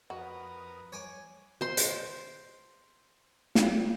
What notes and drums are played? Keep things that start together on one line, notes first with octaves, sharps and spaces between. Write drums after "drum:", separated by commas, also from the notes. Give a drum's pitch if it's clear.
F2 F#4 A#4 B4 D#6
C#5 G#5 D6
C5 C6
drum: hi-hat
drum: snare